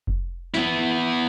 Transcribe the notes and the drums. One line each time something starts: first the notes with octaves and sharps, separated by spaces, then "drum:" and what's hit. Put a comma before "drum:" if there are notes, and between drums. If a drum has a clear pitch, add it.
drum: kick F1
B3 E4, drum: snare